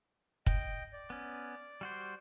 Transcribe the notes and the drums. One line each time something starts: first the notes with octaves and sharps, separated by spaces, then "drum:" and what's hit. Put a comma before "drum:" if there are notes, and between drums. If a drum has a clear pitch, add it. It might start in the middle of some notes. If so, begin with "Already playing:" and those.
D#5 G5, drum: kick
D5
B3 C#4
G3 F#4 C5